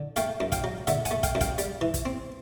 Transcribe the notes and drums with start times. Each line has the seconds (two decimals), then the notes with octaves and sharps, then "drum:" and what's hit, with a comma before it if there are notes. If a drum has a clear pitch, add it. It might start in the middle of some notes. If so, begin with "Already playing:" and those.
Already playing: D3
0.16 A3 F5 G5, drum: hi-hat
0.40 F#2
0.52 F5 G5, drum: kick, hi-hat
0.64 F#3
0.87 D3 E5 F#5, drum: hi-hat
1.05 F#5 G#5, drum: hi-hat
1.11 A3
1.23 F5 G5, drum: kick, hi-hat
1.35 F#2
1.41 F5 G5, drum: kick, hi-hat
1.58 G3, drum: hi-hat
1.81 E3
1.94 drum: kick, hi-hat
2.05 C4